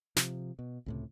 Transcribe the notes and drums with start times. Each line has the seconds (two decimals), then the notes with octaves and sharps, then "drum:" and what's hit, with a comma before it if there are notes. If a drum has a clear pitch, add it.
0.16 C3 F3, drum: snare
0.59 B2
0.86 C#2 A2 C3